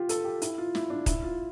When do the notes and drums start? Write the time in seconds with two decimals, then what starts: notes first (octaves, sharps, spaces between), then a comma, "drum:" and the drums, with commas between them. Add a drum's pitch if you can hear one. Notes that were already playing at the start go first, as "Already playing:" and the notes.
Already playing: F4 G4
0.09 A4, drum: hi-hat
0.24 G4
0.42 E4, drum: hi-hat
0.58 F4
0.75 E4, drum: snare
0.90 D4
1.06 E4, drum: kick D#1, hi-hat
1.23 F4